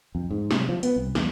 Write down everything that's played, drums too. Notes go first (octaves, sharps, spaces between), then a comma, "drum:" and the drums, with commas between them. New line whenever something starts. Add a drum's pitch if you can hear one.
F2
G#2
C3, drum: snare
F3
B3, drum: hi-hat
C2
E2, drum: snare